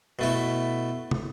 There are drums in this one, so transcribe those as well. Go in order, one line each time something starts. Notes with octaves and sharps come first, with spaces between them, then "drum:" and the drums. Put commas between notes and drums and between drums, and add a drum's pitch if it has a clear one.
B2 A3 E4
drum: tom